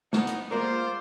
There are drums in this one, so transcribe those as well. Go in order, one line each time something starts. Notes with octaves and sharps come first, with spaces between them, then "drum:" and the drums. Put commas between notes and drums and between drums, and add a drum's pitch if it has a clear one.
B3 D#4, drum: snare
drum: hi-hat
G#3 A#3 F4 A#4 C5 D5